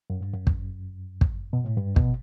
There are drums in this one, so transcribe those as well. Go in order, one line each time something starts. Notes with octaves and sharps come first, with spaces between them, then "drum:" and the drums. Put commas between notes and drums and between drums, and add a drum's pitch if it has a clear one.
F#2
G2
F#2
drum: kick
drum: kick
B2
A2
G2
B2, drum: kick